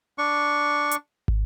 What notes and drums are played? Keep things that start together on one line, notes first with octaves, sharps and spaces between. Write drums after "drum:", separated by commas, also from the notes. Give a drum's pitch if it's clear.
D4 C#6
drum: hi-hat
drum: kick